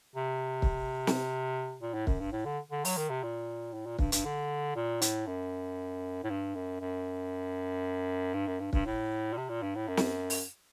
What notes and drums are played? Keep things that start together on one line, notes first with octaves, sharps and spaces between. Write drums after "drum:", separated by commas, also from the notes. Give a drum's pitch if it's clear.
C3
drum: kick
drum: snare
A#2
A2
F#2, drum: kick
G2
A2
D3
D3
F#3, drum: open hi-hat
D#3
C3
A#2
A2
A#2
G2, drum: kick
G2, drum: hi-hat
D3
A#2
A2, drum: hi-hat
F#2
A2
G2
F#2
F#2
G2
F#2
G2
G2, drum: kick
A2
A#2
C3
A#2
G2
A2
F#2
drum: snare
drum: open hi-hat